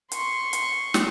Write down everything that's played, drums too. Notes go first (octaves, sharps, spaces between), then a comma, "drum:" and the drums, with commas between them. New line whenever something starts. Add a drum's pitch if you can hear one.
C6 C#6, drum: hi-hat
drum: hi-hat
drum: snare